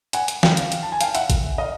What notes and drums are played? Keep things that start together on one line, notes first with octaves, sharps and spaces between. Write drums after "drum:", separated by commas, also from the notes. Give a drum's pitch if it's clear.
F#5 G#5, drum: hi-hat
drum: hi-hat
F5 G5, drum: snare
drum: hi-hat
drum: hi-hat
A5
G#5
F5 G5, drum: hi-hat
E5 F#5, drum: hi-hat
drum: kick A1, hi-hat
D#5 F5